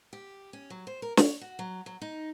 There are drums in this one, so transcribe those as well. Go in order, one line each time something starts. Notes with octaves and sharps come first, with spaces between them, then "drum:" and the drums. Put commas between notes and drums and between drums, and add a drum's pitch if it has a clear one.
G4
C#4
F#3
C5
A#4
C#5, drum: snare
F#4
F#3
F#3
D#4